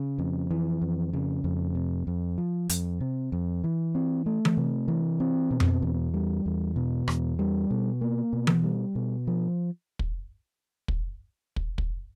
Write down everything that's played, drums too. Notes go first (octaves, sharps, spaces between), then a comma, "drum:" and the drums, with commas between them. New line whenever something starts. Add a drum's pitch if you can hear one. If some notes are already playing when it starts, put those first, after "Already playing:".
Already playing: C#3
F2
E3
F2
C#3
F2
C3
F2
F3
F2, drum: hi-hat
C3
F2
E3
C4
A3
drum: tom E3
C3
E3
C4
B2
drum: tom F2
E2
G3
E2
B2
E2, drum: rim click
G3
B2
A#3
B2
drum: tom E3
G3
B2
F3
drum: kick
drum: kick
drum: kick
drum: kick